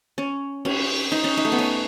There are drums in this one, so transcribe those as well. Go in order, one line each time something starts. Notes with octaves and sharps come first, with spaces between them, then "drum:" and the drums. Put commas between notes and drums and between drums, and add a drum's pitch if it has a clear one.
C#4
C#4, drum: cymbal
D#4
C#4
D#4
A3
B3
C#4